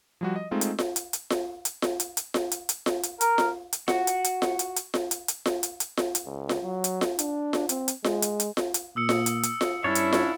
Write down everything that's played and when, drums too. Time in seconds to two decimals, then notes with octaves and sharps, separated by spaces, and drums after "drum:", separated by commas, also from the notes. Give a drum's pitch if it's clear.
0.21 F3 G3 F#4
0.36 D#5
0.51 G#3 A3 C4 D#4 F4
0.61 drum: hi-hat
0.79 drum: snare F4
0.96 drum: hi-hat
1.13 drum: hi-hat
1.30 drum: snare F4
1.65 drum: hi-hat
1.82 drum: snare F4
2.00 drum: hi-hat
2.17 drum: hi-hat
2.34 drum: snare F4
2.51 drum: hi-hat
2.69 drum: hi-hat
2.86 drum: snare F4
3.03 drum: hi-hat
3.21 A#4, drum: hi-hat
3.38 drum: snare F4
3.73 drum: hi-hat
3.88 F#4, drum: snare F4
4.07 drum: hi-hat
4.24 drum: hi-hat
4.42 drum: snare F4
4.59 drum: hi-hat
4.76 drum: hi-hat
4.94 drum: snare F4
5.11 drum: hi-hat
5.28 drum: hi-hat
5.46 drum: snare F4
5.63 drum: hi-hat
5.80 drum: hi-hat
5.97 drum: snare F4
6.15 drum: hi-hat
6.26 C#2
6.49 drum: snare F4
6.63 F#3
6.84 drum: hi-hat
7.01 drum: snare F4
7.19 D4, drum: hi-hat
7.53 drum: snare F4
7.69 C4, drum: hi-hat
7.88 drum: hi-hat
8.04 G#3, drum: snare F4
8.22 drum: hi-hat
8.40 drum: hi-hat
8.57 drum: snare F4
8.74 drum: hi-hat
8.96 A#2 D#6 E6 C#7
9.09 drum: snare F4
9.26 drum: hi-hat
9.43 drum: hi-hat
9.61 drum: snare F4
9.84 G2 C#4 D4 E4 C#5 A6
9.95 drum: hi-hat
10.13 drum: snare F4